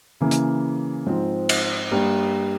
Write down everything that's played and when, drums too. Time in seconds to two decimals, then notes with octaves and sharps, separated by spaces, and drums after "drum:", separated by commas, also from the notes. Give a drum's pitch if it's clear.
0.21 C#3 E3 A#3
0.31 drum: hi-hat
1.06 G#2 F3 C4
1.49 drum: cymbal
1.91 G2 G3 A#3